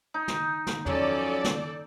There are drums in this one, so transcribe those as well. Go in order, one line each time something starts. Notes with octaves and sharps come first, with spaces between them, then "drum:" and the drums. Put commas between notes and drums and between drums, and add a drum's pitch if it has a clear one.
D#4
drum: snare
drum: snare
F3 F#3 C#4 A4 D5, drum: tom E2
drum: snare